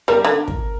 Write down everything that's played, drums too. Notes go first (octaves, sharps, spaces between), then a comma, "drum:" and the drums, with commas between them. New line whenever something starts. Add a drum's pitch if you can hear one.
G3 A#4
D3
drum: kick